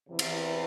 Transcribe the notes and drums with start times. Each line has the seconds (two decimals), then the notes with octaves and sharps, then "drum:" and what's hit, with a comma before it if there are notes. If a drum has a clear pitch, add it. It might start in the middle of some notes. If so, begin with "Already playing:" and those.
0.09 E2 C3 E3
0.19 drum: cymbal